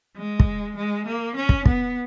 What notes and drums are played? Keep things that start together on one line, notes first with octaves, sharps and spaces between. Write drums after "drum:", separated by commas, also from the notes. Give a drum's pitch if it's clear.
G#3
drum: kick
G#3
A#3
C#4
drum: kick
B3, drum: kick